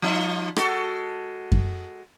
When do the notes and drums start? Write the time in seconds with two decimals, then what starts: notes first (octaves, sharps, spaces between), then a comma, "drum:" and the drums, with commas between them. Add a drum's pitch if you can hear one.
0.02 F3 D#4 F4
0.56 G#3 F#4 A4, drum: rim click
1.52 drum: kick F#2